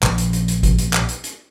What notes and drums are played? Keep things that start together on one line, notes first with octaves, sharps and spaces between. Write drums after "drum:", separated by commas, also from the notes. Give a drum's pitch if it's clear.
A#1, drum: clap
drum: hi-hat
drum: hi-hat
drum: hi-hat
drum: kick G#1, hi-hat
drum: hi-hat
drum: clap
drum: hi-hat
drum: hi-hat